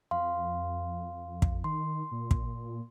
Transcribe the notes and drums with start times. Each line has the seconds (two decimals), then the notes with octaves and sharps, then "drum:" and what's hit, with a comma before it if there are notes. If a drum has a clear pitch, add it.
0.11 F2 F5 C6
1.42 drum: kick
1.64 D#3 C6
2.11 A#2
2.31 drum: kick